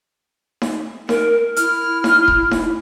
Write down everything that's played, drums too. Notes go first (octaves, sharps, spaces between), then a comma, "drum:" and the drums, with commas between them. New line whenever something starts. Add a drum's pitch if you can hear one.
drum: snare D#4
A#4, drum: snare D#4
E4 F6, drum: hi-hat
drum: snare D#4
drum: kick E1
drum: snare D#4